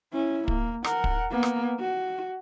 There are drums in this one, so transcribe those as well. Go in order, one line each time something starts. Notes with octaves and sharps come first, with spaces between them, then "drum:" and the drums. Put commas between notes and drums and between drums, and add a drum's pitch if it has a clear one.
C#4 E4
A#3, drum: kick
A#4 F#5, drum: rim click
drum: kick
A#3 B3
drum: rim click
F#4